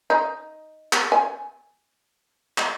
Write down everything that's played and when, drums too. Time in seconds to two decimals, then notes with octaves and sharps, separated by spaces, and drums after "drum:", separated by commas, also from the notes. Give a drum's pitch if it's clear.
0.10 D#4
0.93 drum: clap
1.12 G#5
2.58 drum: clap